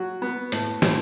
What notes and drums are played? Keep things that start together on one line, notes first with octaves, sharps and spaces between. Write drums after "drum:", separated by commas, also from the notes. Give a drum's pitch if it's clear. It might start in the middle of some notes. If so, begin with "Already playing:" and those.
Already playing: F#3 F#4
B3
A2, drum: hi-hat
A2, drum: snare